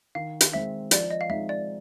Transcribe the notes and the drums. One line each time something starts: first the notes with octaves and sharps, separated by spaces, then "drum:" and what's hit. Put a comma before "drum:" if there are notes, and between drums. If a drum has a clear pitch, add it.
D#3 F5
drum: hi-hat
G#3 C4 E5
F3 D5, drum: hi-hat
D#5
F5
G#3 C4 D#4 E5
D5